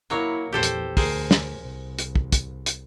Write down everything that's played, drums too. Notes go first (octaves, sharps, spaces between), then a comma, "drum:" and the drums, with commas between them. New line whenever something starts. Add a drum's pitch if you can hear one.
F#3 A#3 E4 C#5
A#1 E2 G4 A4 C5
drum: hi-hat
D2 G#4 A#4 C5, drum: kick, open hi-hat
drum: snare
C2
drum: hi-hat
drum: kick
drum: kick, hi-hat
drum: hi-hat